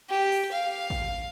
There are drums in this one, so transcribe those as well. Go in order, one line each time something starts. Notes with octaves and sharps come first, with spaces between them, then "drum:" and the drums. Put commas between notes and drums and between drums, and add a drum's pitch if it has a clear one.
G4
drum: open hi-hat
F5
drum: kick A1